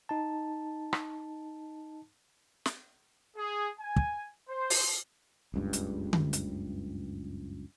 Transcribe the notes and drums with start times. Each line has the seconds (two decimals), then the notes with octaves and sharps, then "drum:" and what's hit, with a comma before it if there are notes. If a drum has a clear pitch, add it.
0.09 D#4 A5
0.93 drum: rim click
2.66 drum: snare
3.37 G#4
3.80 G#5
3.97 drum: kick
4.48 C5
4.70 drum: open hi-hat
5.54 F#1 C#2 G2
5.73 drum: hi-hat
6.13 drum: tom D3
6.33 drum: hi-hat